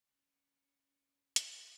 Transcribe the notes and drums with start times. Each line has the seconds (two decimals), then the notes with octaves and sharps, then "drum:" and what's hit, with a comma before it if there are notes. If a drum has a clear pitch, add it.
0.09 E3 B3 C#4
1.36 F#2, drum: hi-hat